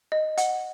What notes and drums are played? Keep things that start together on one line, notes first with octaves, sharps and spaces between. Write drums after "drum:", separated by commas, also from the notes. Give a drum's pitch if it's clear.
D#5
F#5, drum: hi-hat